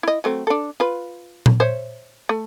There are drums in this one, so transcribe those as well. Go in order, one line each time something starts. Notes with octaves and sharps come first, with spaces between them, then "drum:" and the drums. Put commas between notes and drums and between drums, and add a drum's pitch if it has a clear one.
E4 D#5
F#3 A3 C4
D4 A4
F4 B4
drum: tom A#2
C5 C#5 E5
A3